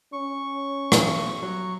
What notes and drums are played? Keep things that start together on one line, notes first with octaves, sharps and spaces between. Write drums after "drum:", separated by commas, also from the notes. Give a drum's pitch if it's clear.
C#4 C#6
B1 G3, drum: rim click
F#3